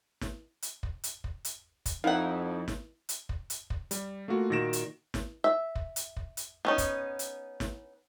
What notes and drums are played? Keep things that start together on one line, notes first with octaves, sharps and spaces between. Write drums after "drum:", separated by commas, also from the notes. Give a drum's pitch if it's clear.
drum: snare
drum: hi-hat
drum: kick
drum: hi-hat
drum: kick
drum: hi-hat
drum: kick, hi-hat
F2 D#4 E4 F5 F#5
drum: snare
drum: hi-hat
drum: kick
drum: hi-hat
drum: kick
G3, drum: hi-hat
A3 A#3 F4 F#4
A#2 D#3 F#4 A#6 D7 E7
drum: hi-hat
drum: snare
E5
drum: kick
drum: hi-hat
drum: kick
drum: hi-hat
B3 C#4 D#4
drum: kick, hi-hat
drum: hi-hat
drum: snare